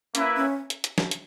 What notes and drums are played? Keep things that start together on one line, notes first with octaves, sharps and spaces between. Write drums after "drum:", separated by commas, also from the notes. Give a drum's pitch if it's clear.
A#3 C#4 E4 B4 E5, drum: hi-hat
C#4
drum: hi-hat
drum: hi-hat
drum: snare
drum: hi-hat